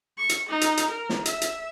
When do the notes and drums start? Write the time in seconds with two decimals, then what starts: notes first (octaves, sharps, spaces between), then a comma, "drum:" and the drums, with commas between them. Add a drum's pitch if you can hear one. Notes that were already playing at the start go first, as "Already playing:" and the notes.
0.18 C#6
0.29 drum: hi-hat
0.49 D#4
0.61 drum: hi-hat
0.77 drum: hi-hat
0.90 A#4
1.09 drum: snare
1.25 E5, drum: hi-hat
1.41 drum: hi-hat